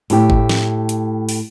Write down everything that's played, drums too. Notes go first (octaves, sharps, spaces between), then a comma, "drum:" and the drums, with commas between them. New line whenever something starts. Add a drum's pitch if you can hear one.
A2 G4, drum: open hi-hat
drum: kick G1
drum: snare
drum: hi-hat
drum: open hi-hat